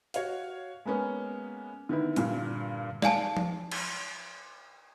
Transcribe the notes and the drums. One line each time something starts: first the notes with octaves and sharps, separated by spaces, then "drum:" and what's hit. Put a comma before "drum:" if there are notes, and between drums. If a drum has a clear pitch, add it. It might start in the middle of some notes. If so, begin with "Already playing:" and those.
F#4 C#5 F5, drum: hi-hat
G#3 A#3 B3 C#4
D3 D#3 B3 E4
G2 A#2 D3, drum: hi-hat
D5 F5 G#5 A5, drum: snare
drum: tom F3
drum: cymbal